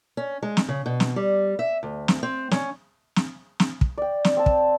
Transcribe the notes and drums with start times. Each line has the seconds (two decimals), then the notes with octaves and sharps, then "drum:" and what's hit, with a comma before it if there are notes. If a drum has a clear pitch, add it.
0.17 C#4
0.43 G#3
0.57 drum: snare
0.69 C#3
0.86 B2
1.00 drum: snare
1.16 G3
1.59 E5
1.83 D2
2.08 drum: snare
2.23 C4
2.51 C#4, drum: snare
3.16 drum: snare
3.60 drum: snare
3.81 drum: kick
3.98 D5 G5
4.24 drum: snare
4.37 C4 A5
4.46 drum: kick